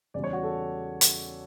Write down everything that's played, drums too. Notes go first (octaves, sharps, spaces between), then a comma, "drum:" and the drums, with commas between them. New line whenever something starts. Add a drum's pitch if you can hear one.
E2 C#3 G3 D5
C#5
F#4
A4
drum: hi-hat